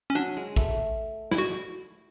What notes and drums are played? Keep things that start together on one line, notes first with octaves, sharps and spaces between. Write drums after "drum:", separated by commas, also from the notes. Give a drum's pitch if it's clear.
C#4
F#3 D4
G#3
A3, drum: kick
E4, drum: snare
F#4